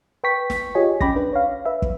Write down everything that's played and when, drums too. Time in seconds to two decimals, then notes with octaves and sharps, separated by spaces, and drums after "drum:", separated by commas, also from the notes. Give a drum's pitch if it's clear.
0.24 B4 G5 C#6 B6
0.50 drum: snare
0.75 F4 G4 G#4 C#5 D#5 G#5
1.00 C#4 G5 B5 D6 A#6, drum: kick
1.16 D4 B4
1.33 C#5 F5
1.66 B4 E5
1.82 drum: kick